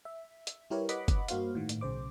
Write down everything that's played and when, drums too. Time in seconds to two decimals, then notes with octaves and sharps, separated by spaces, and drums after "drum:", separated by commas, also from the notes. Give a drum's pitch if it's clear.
0.05 E5
0.47 drum: hi-hat
0.70 G3 E4 G4 A#4 B4 C#5
0.89 B4 C#5 D#5 F#5 B5 D6, drum: hi-hat
1.08 drum: kick, hi-hat
1.28 G2 A#3 F#4 C5 F5, drum: hi-hat
1.55 A2 D#3
1.69 drum: hi-hat
1.81 B1 C#3 C5 D6